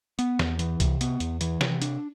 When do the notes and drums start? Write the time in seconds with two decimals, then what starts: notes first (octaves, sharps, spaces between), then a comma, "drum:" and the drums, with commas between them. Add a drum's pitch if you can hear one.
0.19 B3, drum: hi-hat
0.39 E2, drum: snare
0.59 E3, drum: hi-hat
0.80 C3, drum: kick C2, hi-hat
1.01 B3, drum: hi-hat
1.20 E2, drum: hi-hat
1.41 E3, drum: hi-hat
1.61 C3, drum: snare
1.82 D4, drum: hi-hat